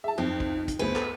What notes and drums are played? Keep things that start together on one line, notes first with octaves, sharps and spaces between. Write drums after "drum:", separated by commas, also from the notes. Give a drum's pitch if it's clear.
G#4 E5 A5
F2 C4 D#4
drum: kick
drum: kick, hi-hat
D2 B3 G#4 B4 C5
A4, drum: clap